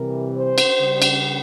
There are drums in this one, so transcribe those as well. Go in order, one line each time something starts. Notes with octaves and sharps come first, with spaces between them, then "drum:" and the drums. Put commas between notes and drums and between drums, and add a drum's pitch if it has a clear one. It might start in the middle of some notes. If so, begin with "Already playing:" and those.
Already playing: C3 E3 G3 A#4
C5
drum: cymbal
C#3 G3
drum: cymbal